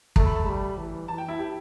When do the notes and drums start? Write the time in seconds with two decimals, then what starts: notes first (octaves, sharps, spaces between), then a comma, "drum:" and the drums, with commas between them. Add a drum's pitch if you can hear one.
0.16 A3 A5, drum: kick
0.26 B5
0.36 A5
0.46 G3 B5
0.78 E3
1.08 E3 A5
1.18 G5
1.28 E4
1.39 G4